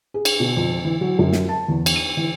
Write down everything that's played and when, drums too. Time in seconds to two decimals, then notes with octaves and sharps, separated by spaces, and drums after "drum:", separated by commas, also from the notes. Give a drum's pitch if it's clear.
0.14 G#4
0.25 drum: cymbal
0.40 B2
0.57 F2
0.85 E3
1.01 F#3
1.19 F#2
1.33 drum: snare
1.49 A5
1.68 E2
1.86 drum: cymbal
1.96 D#7
2.17 E3